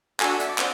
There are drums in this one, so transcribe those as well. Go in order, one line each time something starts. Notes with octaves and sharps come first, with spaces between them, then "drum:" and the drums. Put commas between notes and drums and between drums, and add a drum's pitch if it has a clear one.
D4 F#4 A4 G#5, drum: clap
F#5
E5, drum: hi-hat
D5
C4, drum: clap